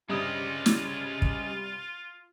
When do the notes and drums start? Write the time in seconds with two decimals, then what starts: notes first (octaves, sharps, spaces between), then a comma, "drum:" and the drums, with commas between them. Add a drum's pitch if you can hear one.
0.10 G2 C3 G3 G#3 C#4 F4 D#6
0.66 drum: snare
1.22 drum: kick